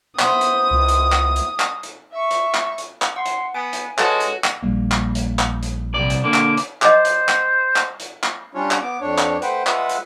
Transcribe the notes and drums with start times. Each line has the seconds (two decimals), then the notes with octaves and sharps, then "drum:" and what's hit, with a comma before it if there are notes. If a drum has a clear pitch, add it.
0.19 B3 E4 C5 D#6, drum: clap
0.41 drum: hi-hat
0.71 C#2
0.88 drum: hi-hat
1.12 drum: clap
1.36 drum: hi-hat
1.60 drum: clap
1.83 drum: hi-hat
2.12 E5 C#6
2.31 drum: hi-hat
2.54 drum: clap
2.78 drum: hi-hat
3.02 drum: clap
3.16 F#5 C6
3.26 drum: hi-hat
3.54 B3 G#5 D7
3.73 drum: hi-hat
3.98 G#3 F#4 A4 B4 C#5 A5, drum: clap
4.20 drum: hi-hat
4.44 drum: clap
4.62 A#1 G3 A#3
4.92 drum: clap
5.15 drum: hi-hat
5.39 drum: clap
5.63 drum: hi-hat
5.94 C2 G2 D5
6.10 drum: hi-hat
6.24 D3 A#3 D6
6.34 drum: clap
6.57 drum: hi-hat
6.82 C5 D#5 D6, drum: clap
7.05 drum: hi-hat
7.29 drum: clap
7.76 drum: clap
8.00 drum: hi-hat
8.23 drum: clap
8.55 G3 C#4 D4 F4 C#5
8.71 drum: clap
8.81 B3 D6
9.01 F2 D4 C#5
9.18 drum: clap
9.42 A3 B4 C5 F#5 G5, drum: hi-hat
9.67 G#3 F4 B4 E5 F#5, drum: clap
9.89 drum: hi-hat